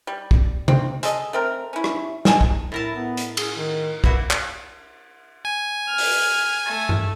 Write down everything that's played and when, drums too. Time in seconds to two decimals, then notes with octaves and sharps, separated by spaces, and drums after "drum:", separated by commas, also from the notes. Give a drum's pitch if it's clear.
0.07 G3
0.31 drum: kick
0.68 C4, drum: tom C3
1.03 G#3 A4 D#5, drum: hi-hat
1.33 A3 C4 A#4
1.73 C#4 E4
1.84 drum: rim click
2.25 B2 D#4 G#5 A5, drum: snare
2.41 drum: kick
2.72 A2 E4 A#4 A5
2.95 B3
3.17 drum: hi-hat
3.37 G#4, drum: cymbal
3.57 D#3
4.04 A#3 E4 F#4 B4, drum: kick
4.31 drum: clap
5.45 G#5
5.89 F6
5.98 drum: open hi-hat
6.66 A3
6.89 drum: tom G2